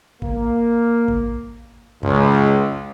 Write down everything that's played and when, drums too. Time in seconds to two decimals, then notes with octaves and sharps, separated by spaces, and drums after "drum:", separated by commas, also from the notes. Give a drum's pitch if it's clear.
0.22 A#3, drum: kick
1.08 drum: kick
2.03 C#2, drum: tom F2